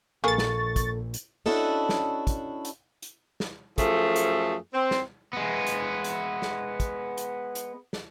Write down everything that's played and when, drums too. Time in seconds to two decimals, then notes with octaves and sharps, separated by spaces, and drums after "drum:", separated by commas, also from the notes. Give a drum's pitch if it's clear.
0.24 A#1 A#3 G#4 A4 C#6 A6
0.38 drum: snare
0.76 drum: kick, hi-hat
1.14 drum: hi-hat
1.46 C#4 D4 E4 F#4 A4 D#5
1.89 drum: snare
2.27 drum: kick, hi-hat
2.65 drum: hi-hat
3.02 drum: hi-hat
3.40 drum: snare
3.78 F#2 F3 A3 G#4 A4, drum: kick, hi-hat
4.16 drum: hi-hat
4.73 C4
4.91 drum: snare
5.33 G#3 B3
5.67 drum: hi-hat
6.04 drum: hi-hat
6.42 drum: snare
6.80 drum: kick, hi-hat
7.18 drum: hi-hat
7.55 drum: hi-hat
7.93 drum: snare